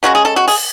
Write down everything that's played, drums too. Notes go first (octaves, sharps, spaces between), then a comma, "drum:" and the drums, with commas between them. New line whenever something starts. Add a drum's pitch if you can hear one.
C#3 G#3 C#4 F#4
G#4
A4
F#4
G#4, drum: open hi-hat